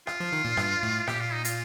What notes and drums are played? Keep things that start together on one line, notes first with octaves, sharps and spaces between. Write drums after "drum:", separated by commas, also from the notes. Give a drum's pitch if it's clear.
F4, drum: rim click
F3
D#3
A#2
G2, drum: rim click
A2
A#2 G4, drum: rim click
F4
D#4
F4, drum: hi-hat